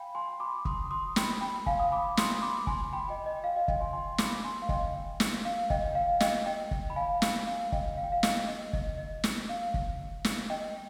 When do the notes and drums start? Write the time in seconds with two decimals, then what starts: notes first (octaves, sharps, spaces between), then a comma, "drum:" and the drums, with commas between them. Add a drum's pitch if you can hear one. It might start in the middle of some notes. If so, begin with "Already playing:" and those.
Already playing: F5 G5 G#5 B5
0.15 G#5 C6
0.40 B5 D6
0.65 C6 D#6, drum: kick
0.91 C6 D#6
1.16 G5 B5, drum: snare
1.41 G5 B5
1.66 F5 G#5, drum: kick
1.80 D#6
1.92 B5 D6
2.17 C6 D#6, drum: snare
2.42 B5 D6
2.67 G#5 C6, drum: kick
2.93 G5 B5
3.09 D#5 G5
3.26 D#5
3.44 F5
3.55 D#5 G5
3.68 D#5 G5, drum: kick
3.81 G#5 C6
3.93 G#5 C6
4.18 B5 D6, drum: snare
4.44 G#5 C6
4.62 F5
4.69 D#5 G5, drum: kick
5.20 drum: snare
5.45 F5
5.70 D#5 G5, drum: kick
5.95 F5
6.20 D#5 G5, drum: snare
6.46 D#5 G5
6.71 drum: kick
6.90 B5
6.96 F5 G#5
7.22 drum: snare
7.47 F5
7.72 D#5 G5, drum: kick
7.97 F5
8.04 G5
8.12 F5
8.23 D#5, drum: snare
8.48 D#5
8.73 D#5, drum: kick
8.98 D#5
9.24 drum: snare
9.49 F5
9.74 drum: kick
10.24 drum: snare
10.50 D#5 G5